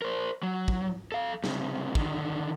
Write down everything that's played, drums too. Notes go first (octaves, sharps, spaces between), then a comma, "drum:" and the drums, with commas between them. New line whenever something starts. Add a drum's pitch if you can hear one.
A#4 C5
F#3
drum: kick
A4 F5
C#2 C3, drum: snare
D3 D#3, drum: kick